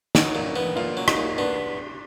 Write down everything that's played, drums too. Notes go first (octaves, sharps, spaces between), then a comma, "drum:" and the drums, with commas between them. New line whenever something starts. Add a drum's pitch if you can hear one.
F#3 D#4, drum: snare
A#2
B3
A#2 F4
F#3
D#4, drum: rim click
A#2
B3 D4